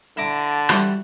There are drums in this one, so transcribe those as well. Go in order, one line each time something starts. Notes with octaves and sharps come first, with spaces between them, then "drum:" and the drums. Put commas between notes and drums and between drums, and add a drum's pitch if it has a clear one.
D3 E4 A#5 D6
E3 G3 F#4, drum: rim click